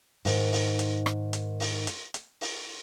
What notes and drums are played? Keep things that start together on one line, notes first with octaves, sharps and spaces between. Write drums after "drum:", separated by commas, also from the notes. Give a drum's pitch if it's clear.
G#2 D#3, drum: open hi-hat
drum: open hi-hat
drum: hi-hat
drum: rim click
drum: hi-hat
drum: open hi-hat
drum: hi-hat
drum: hi-hat
drum: open hi-hat